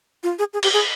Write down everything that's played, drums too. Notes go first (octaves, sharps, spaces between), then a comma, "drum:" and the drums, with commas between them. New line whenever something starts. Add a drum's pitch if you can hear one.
F4
G#4
G#4
G4, drum: cymbal
G#4